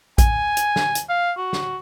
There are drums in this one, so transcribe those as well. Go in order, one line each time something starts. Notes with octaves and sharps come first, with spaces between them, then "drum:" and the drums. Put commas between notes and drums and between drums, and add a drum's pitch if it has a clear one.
G#5, drum: kick A1, hi-hat
drum: hi-hat
drum: snare
drum: hi-hat
F5
F#4
drum: snare